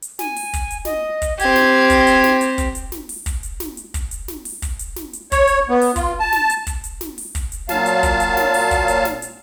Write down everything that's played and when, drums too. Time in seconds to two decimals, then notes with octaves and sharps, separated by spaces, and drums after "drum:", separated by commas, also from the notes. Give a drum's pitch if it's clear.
0.02 drum: hi-hat
0.19 G#5, drum: snare
0.36 drum: open hi-hat
0.53 drum: kick, hi-hat
0.70 drum: hi-hat
0.85 D#5, drum: snare
1.22 drum: kick, hi-hat
1.39 C4 G4 G#6, drum: hi-hat
1.56 drum: snare
1.90 drum: kick, hi-hat
2.07 drum: hi-hat
2.24 drum: snare
2.41 drum: hi-hat
2.58 drum: kick, hi-hat
2.75 drum: hi-hat
2.92 drum: snare
3.09 drum: open hi-hat
3.26 drum: kick, hi-hat
3.43 drum: hi-hat
3.60 drum: snare
3.77 drum: hi-hat
3.94 drum: kick, hi-hat
4.11 drum: hi-hat
4.28 drum: snare
4.45 drum: open hi-hat
4.62 drum: kick, hi-hat
4.79 drum: hi-hat
4.96 drum: snare
5.13 drum: hi-hat
5.32 C#5, drum: kick, hi-hat
5.47 drum: hi-hat
5.70 B3
5.81 drum: open hi-hat
5.96 F4, drum: kick, hi-hat
6.20 A5
6.33 drum: snare
6.50 drum: hi-hat
6.67 drum: kick, hi-hat
6.84 drum: hi-hat
7.01 drum: snare
7.18 drum: open hi-hat
7.35 drum: kick, hi-hat
7.52 drum: hi-hat
7.69 A#2 F#3 F5 A5, drum: snare
7.86 drum: hi-hat
8.03 drum: kick, hi-hat
8.20 drum: hi-hat
8.37 drum: snare
8.54 drum: open hi-hat
8.71 drum: kick, hi-hat
8.88 drum: hi-hat
9.05 drum: snare
9.22 drum: hi-hat